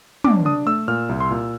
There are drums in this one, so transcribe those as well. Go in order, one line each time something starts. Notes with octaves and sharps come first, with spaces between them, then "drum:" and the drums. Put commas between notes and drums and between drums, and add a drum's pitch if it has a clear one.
D4 D6, drum: tom
D4 D#6
A3 E6
A#2 F6
C2
C6
A#2